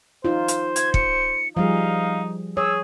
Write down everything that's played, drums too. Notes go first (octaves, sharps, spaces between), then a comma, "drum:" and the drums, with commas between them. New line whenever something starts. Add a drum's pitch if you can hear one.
D#4 F4 C5
drum: hi-hat
G#6, drum: hi-hat
C#7, drum: kick
F3 G3 D#4 G#4 F5
G#4 C#5 E6